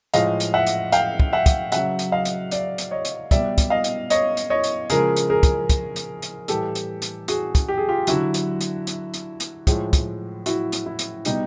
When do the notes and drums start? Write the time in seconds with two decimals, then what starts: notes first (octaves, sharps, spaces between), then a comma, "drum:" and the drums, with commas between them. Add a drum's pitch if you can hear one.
0.14 A2 F3 G#3 D#5 F5, drum: hi-hat
0.40 drum: hi-hat
0.54 E5 F#5
0.67 drum: hi-hat
0.92 F5 G5, drum: hi-hat
1.20 drum: kick
1.33 E5 F#5
1.46 drum: kick, hi-hat
1.72 C#3 F#3 E5 F#5, drum: hi-hat
1.99 drum: hi-hat
2.12 D#5 F5
2.25 drum: hi-hat
2.51 D5 E5, drum: hi-hat
2.78 drum: hi-hat
2.91 C#5 D#5
3.05 drum: hi-hat
3.31 B2 G3 D5 E5, drum: kick, hi-hat
3.58 drum: kick, hi-hat
3.70 D#5 F5
3.84 drum: hi-hat
4.10 C#5 D#5, drum: hi-hat
4.37 drum: hi-hat
4.50 C#5 D#5
4.64 drum: hi-hat
4.90 C#3 F3 G#3 G#4 A#4, drum: hi-hat
5.17 drum: hi-hat
5.30 G#4 A#4
5.43 drum: kick, hi-hat
5.70 drum: kick, hi-hat
5.96 drum: hi-hat
6.22 drum: hi-hat
6.48 A2 E3 G3 G4 A4, drum: hi-hat
6.75 drum: hi-hat
7.02 drum: hi-hat
7.28 F#4 G#4, drum: hi-hat
7.55 drum: kick, hi-hat
7.68 G4
7.78 G#4
7.89 F4 G4
8.07 D3 F#3 E4 F#4, drum: hi-hat
8.34 drum: hi-hat
8.61 drum: hi-hat
8.87 drum: hi-hat
9.14 drum: hi-hat
9.40 drum: hi-hat
9.67 A2 F3 G#3, drum: kick, hi-hat
9.93 drum: kick, hi-hat
10.46 E4 F#4, drum: hi-hat
10.72 drum: hi-hat
10.86 E4
10.99 drum: hi-hat
11.25 B2 G3 D#4, drum: hi-hat